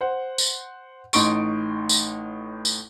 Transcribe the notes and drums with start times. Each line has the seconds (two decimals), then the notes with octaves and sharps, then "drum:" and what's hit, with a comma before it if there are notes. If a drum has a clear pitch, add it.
0.01 C5 F#5
0.38 drum: tambourine
1.13 A1 A2 D#4 C6 C#6 D7, drum: tambourine
1.89 drum: tambourine
2.65 drum: tambourine